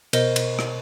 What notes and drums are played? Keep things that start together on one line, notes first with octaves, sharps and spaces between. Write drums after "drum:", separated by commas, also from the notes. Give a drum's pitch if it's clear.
B2 A#4 C5 D#5, drum: cymbal
drum: cymbal
drum: rim click